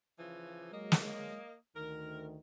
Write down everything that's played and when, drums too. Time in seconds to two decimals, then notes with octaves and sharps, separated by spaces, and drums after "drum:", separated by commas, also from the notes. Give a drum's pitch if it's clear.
0.18 C#3 E3 F3
0.72 F#3 G#3 A#3 D#5
0.92 drum: snare
1.76 D2 D#3 A#4